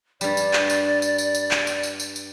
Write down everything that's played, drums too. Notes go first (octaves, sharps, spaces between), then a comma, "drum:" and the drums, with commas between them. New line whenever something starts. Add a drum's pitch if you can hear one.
G2 G3 D5, drum: tambourine
drum: tambourine
drum: clap
drum: tambourine
drum: tambourine
drum: tambourine
drum: tambourine
drum: clap
drum: tambourine
drum: tambourine
drum: tambourine
drum: tambourine